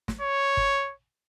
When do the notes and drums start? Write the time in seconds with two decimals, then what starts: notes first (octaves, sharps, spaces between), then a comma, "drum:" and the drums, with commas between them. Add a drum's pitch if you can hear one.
0.08 drum: snare
0.21 C#5
0.57 drum: kick G1